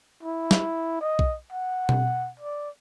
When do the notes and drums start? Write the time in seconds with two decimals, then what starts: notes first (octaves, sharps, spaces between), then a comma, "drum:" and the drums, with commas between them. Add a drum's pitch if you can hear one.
0.23 E4
0.51 drum: snare
1.01 D#5
1.19 drum: kick B1
1.51 F#5
1.89 drum: tom B2
2.40 D5